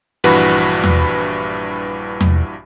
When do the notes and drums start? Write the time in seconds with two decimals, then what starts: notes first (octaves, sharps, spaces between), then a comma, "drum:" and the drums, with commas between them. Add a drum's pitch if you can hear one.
0.24 A#1 G2 E3 F#4 B4 B5
0.84 drum: tom E2
2.21 drum: tom E2